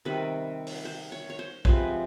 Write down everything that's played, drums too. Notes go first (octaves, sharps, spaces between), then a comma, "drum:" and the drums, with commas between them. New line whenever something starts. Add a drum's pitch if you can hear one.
C3 D#3 G3 B3 B4
drum: open hi-hat
C5
C#5
C#5
C5
C3 F3 G#3 B4, drum: kick A#1